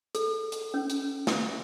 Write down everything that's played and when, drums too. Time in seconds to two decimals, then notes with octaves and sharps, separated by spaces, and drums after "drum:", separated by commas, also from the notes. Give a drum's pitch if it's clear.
0.15 A4, drum: hi-hat
0.52 drum: hi-hat
0.74 C#4
0.90 drum: hi-hat
1.27 drum: snare